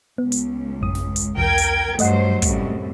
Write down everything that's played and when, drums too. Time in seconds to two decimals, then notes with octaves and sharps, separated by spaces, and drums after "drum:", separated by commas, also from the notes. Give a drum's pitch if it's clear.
0.18 C#2 B3
0.32 drum: hi-hat
0.81 A1 F#2 D#6
0.95 drum: snare
1.16 drum: hi-hat
1.37 B1 E2 A#4 G5 G#6
1.58 drum: hi-hat
1.99 G2 F#3 A3 C5 D#5 F#5, drum: hi-hat
2.42 C2 F#2 A2, drum: kick, hi-hat